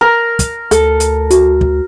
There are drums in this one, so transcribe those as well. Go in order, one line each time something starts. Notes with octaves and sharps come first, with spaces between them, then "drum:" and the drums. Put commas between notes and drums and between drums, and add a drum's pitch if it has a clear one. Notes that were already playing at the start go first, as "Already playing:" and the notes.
A#4
drum: kick, hi-hat
D2 A4, drum: hi-hat
drum: hi-hat
F#4, drum: hi-hat
drum: kick